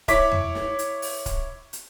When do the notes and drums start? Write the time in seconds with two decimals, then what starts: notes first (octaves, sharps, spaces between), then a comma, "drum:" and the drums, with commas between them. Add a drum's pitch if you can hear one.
0.08 E4 C#5 D6 B6, drum: kick, hi-hat
0.32 drum: tom E2
0.55 drum: snare
0.79 drum: hi-hat
1.02 drum: open hi-hat
1.26 drum: kick, hi-hat
1.73 drum: hi-hat